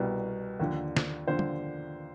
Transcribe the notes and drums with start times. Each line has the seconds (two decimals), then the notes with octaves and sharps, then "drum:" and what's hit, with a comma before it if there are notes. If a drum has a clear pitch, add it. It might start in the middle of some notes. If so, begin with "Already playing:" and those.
Already playing: C2 B2 G3
0.60 D#2 D3 F3
0.97 drum: snare
1.28 D#2 D3 F3 C5
1.39 drum: tom